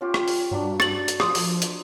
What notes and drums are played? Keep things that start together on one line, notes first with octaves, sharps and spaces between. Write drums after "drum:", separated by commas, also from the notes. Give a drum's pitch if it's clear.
C#4 F4 G4
drum: rim click
drum: open hi-hat
G2 F#3 D4
A6 F#7, drum: rim click
drum: hi-hat
F3 C6 D6 D#6, drum: rim click
drum: open hi-hat
drum: hi-hat